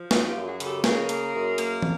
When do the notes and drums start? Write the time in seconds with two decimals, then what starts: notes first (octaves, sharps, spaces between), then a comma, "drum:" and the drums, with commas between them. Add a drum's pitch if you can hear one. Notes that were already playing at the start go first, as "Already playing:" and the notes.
Already playing: F3
0.11 F#2 D#4 F4, drum: snare
0.29 F4 G4
0.35 F#2
0.48 F#4 G#4
0.60 C#3, drum: hi-hat
0.66 G4 A4
0.84 C#3 G#4 A#4, drum: snare
1.09 A#3, drum: hi-hat
1.33 F#2
1.58 A#3, drum: hi-hat
1.82 drum: tom